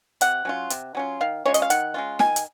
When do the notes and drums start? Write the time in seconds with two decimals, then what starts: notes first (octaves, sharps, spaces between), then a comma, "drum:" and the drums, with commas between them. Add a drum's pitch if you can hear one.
0.21 C3 F#5, drum: hi-hat
0.45 F#3 C#4 F4
0.70 C3, drum: hi-hat
0.95 F#3 C#4 F4
1.20 D#3 F5
1.45 G#3 C#4 F4 C#5
1.54 D#5, drum: hi-hat
1.62 F5
1.70 D#3 F#5, drum: hi-hat
1.94 G#3 C#4 F4
2.19 D#3 G#5, drum: snare
2.36 drum: hi-hat